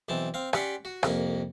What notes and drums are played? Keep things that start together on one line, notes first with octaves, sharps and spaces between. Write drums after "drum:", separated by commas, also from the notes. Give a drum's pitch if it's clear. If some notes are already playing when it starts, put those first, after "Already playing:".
B1 E3 C4 A5
C4 F5
C#4 G4 D5 F#5 B5 C6, drum: rim click
F#4
C2 F2 A#3, drum: rim click